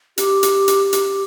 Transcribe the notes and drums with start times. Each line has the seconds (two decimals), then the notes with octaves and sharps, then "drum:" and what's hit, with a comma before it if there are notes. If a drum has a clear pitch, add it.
0.18 G4, drum: hi-hat
0.43 drum: hi-hat
0.68 drum: hi-hat
0.93 drum: hi-hat